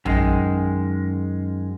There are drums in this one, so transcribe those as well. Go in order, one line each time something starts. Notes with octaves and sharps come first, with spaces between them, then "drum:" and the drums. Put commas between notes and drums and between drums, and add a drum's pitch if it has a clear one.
F#2 D#3 G#3, drum: tom A#1